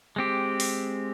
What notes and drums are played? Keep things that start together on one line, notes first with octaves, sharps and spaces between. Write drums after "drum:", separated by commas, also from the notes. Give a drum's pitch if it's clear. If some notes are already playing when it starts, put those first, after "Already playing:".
G#3 C4 G4
drum: open hi-hat